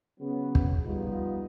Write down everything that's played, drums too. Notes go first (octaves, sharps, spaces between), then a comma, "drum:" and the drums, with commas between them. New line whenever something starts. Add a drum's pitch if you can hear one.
C#3 F#3 B3
drum: kick
F3 G3 B3 D#4 F4